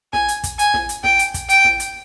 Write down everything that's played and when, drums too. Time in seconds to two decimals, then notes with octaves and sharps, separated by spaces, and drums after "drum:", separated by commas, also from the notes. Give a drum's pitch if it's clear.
0.13 G#5, drum: snare
0.28 drum: hi-hat
0.44 drum: kick, hi-hat
0.59 G#5, drum: hi-hat
0.74 drum: snare
0.89 drum: hi-hat
1.04 G5, drum: snare
1.19 drum: hi-hat
1.34 drum: kick, hi-hat
1.49 G5, drum: hi-hat
1.65 drum: snare
1.80 drum: hi-hat